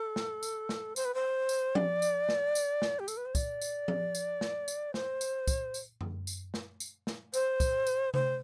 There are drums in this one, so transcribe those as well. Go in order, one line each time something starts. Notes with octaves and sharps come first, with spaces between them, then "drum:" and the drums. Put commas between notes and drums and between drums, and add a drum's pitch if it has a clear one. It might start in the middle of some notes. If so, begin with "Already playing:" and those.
Already playing: A4
drum: snare
drum: tambourine
drum: snare
C5, drum: tambourine
B4
C5
drum: tambourine
D5, drum: tom F3
drum: tambourine
drum: snare
drum: tambourine
drum: snare
G4
A4, drum: tambourine
B4
C5
D5, drum: kick, tambourine
drum: tambourine
drum: tom F3
drum: tambourine
drum: snare
drum: tambourine
C5, drum: snare
drum: tambourine
drum: kick, tambourine
drum: tambourine
drum: tom F#2
drum: tambourine
drum: snare
drum: tambourine
drum: snare
C5, drum: tambourine
drum: kick, tambourine
drum: tambourine
C5, drum: tom C3